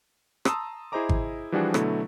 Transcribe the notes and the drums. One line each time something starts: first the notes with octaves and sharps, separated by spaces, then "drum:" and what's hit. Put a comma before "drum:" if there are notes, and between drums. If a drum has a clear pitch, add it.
A5 A#5 C6 D#6 E6, drum: rim click
E4 G#4 C5 D#5 A#5 D6
drum: kick G#1
E3 F3 G3 D4 F#4 G#4
B2 D3 F#3 A3 E4, drum: rim click